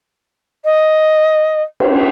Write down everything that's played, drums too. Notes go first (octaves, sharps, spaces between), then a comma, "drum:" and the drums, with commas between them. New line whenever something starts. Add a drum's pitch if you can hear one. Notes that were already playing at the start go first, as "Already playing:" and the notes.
D#5
drum: cymbal